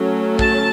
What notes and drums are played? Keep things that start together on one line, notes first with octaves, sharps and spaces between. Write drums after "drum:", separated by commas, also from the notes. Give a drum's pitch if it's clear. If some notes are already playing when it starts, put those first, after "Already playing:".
Already playing: F#3 A3 C#4
A5, drum: kick